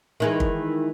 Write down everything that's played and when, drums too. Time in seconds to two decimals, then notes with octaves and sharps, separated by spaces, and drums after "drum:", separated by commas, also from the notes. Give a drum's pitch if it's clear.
0.20 D#3 E3 G#3
0.40 drum: kick